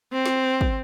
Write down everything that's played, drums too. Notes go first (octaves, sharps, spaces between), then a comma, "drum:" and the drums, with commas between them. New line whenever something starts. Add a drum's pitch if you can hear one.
C4
drum: snare
drum: kick